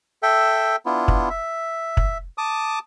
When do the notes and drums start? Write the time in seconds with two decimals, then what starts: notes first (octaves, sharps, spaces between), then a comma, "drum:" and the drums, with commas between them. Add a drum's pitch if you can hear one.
0.23 A4 E5 G5
0.86 B3 D4 E4 F4
1.08 drum: kick
1.30 E5
1.97 drum: kick
2.38 A5 D6 D#6